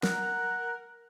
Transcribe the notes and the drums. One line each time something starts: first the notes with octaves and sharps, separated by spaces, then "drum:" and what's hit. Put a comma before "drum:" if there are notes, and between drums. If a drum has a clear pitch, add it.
A#4 F#5, drum: snare